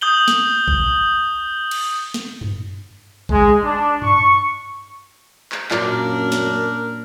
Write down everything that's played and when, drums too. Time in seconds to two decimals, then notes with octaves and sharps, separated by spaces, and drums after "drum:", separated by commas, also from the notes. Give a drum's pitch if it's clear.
0.01 D#6 G6 F#7 G7
0.28 drum: snare
0.68 drum: kick A1
1.71 drum: cymbal
2.14 drum: snare
2.41 drum: tom F#2
3.29 G#3, drum: kick A1
3.63 D4
4.02 C#6, drum: tom F#2
5.52 drum: clap
5.71 F#2 A#2 D4 A#4, drum: clap
6.32 drum: snare